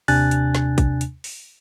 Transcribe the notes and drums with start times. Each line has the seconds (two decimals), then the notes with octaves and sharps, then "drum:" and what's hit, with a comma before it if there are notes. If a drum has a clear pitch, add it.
0.08 D#2 C3 D4 G#5 F#6 A6, drum: open hi-hat
0.31 drum: hi-hat
0.55 drum: snare
0.78 drum: kick A#1, hi-hat
1.01 drum: hi-hat
1.24 drum: open hi-hat